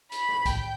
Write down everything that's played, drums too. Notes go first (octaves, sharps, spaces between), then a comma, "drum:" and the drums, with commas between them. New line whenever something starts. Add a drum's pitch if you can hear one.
B5, drum: hi-hat
drum: rim click
G5, drum: kick, hi-hat